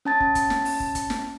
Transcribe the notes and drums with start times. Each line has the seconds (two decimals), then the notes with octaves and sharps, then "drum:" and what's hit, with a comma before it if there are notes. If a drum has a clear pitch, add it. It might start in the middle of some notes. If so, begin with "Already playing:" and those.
0.05 C#4 A5 A6
0.20 drum: kick
0.35 drum: kick, hi-hat
0.50 drum: snare
0.65 drum: open hi-hat
0.80 drum: kick
0.95 drum: kick, hi-hat
1.10 drum: snare